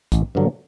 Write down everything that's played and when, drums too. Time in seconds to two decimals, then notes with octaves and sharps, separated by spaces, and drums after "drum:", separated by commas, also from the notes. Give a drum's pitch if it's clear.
0.12 A1, drum: kick, hi-hat
0.35 G2 D3 F#3